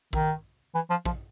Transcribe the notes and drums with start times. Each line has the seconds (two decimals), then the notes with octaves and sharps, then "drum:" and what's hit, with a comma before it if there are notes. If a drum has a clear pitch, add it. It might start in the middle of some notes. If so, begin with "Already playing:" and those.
0.13 D#3, drum: kick A#1
0.74 E3
0.90 F3
1.05 F3, drum: kick A#1